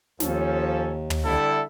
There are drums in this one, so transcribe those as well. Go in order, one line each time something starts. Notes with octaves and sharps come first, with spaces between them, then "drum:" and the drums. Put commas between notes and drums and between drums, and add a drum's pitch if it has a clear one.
D#2 F3 C#4 A4, drum: snare
drum: tom
D3 G3 E4 A4